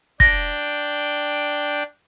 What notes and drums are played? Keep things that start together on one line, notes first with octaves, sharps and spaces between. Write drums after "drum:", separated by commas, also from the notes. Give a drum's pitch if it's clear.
D4 G5 A#6, drum: kick